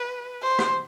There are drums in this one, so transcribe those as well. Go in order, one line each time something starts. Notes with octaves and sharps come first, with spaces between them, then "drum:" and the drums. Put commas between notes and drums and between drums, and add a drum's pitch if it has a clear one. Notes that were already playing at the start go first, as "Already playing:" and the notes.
Already playing: B4
C5
drum: rim click